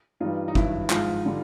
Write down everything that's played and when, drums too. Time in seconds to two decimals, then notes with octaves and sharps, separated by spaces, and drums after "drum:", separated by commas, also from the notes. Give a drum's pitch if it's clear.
0.20 G2 E3 G3 D#4 F4
0.48 D#4
0.55 G2 D#3 F#3 E4, drum: kick
0.90 G#2 F3 G#3 D#4 F4, drum: clap
1.25 D3 G3